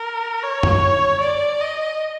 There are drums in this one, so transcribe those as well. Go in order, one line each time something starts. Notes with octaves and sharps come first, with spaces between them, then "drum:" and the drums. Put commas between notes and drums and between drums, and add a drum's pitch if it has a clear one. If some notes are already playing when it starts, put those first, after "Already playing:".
Already playing: A#4
C#5
drum: tom
D5
D#5